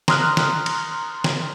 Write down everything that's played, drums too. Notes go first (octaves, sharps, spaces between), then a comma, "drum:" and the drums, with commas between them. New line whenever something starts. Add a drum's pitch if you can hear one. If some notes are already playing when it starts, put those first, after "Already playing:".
A#5 C6 D#6 F6 F#6, drum: snare
drum: snare
drum: cymbal
drum: snare